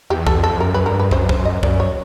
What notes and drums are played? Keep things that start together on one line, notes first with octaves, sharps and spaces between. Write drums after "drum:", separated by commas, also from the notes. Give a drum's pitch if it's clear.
E2 G4
A4, drum: kick
F2
A4
F#2 A#4
B4
G2 A#4
B4
F#2 C5, drum: kick
C5, drum: kick
D#5
F#2 D5, drum: kick
C#5